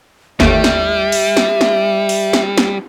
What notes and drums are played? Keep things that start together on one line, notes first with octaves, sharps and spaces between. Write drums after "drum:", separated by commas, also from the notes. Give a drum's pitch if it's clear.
G1 D#2 G3 A3 E5, drum: snare
drum: snare
drum: open hi-hat
drum: snare
drum: snare
drum: open hi-hat
drum: snare
drum: snare